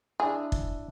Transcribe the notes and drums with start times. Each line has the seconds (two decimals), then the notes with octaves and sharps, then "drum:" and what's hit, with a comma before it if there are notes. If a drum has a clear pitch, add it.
0.20 D4 E4 G#4
0.52 drum: kick